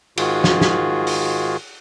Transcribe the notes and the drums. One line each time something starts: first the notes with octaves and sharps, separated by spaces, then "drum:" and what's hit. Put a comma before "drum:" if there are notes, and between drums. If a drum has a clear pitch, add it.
G#2 D#3 F4 F#4 G#4, drum: cymbal
drum: snare
drum: snare
drum: open hi-hat